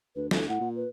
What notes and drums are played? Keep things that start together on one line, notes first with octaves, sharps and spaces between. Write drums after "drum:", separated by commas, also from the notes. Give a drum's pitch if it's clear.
D2 B4
D2 A4, drum: snare
A2 F#5
A#2
B4